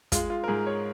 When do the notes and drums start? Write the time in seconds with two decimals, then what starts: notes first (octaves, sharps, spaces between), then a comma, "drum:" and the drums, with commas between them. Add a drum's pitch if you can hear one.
0.12 G#3 F4, drum: kick, hi-hat
0.30 F4
0.44 A#4
0.48 G#2 G#4
0.67 C#5